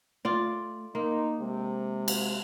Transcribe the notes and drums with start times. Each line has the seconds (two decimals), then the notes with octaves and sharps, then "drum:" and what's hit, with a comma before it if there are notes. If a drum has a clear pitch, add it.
0.25 A3 F4 D5
0.95 A#3 D#4 C6
1.40 C3 G#3
2.08 drum: cymbal